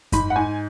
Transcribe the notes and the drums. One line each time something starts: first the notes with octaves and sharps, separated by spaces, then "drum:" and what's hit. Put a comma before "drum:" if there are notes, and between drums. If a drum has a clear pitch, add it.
G#2 B5, drum: kick F#2, hi-hat
F#5
G#2 G#5